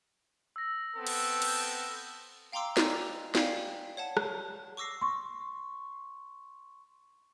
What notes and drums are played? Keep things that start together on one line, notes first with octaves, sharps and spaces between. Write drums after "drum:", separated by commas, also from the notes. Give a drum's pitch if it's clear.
E6 A#6
B3 C4 A4
drum: cymbal
F6 G6, drum: cymbal
F5 G5 A#5 C6 D6 E6
D5 D#5 G#5 A#5 C7 F7, drum: snare
D5 F5 G5 G#5 B6 C7, drum: snare
C#5 F#5 A5
drum: rim click
C#6 D6 E6 A#6 C7
C6 C#6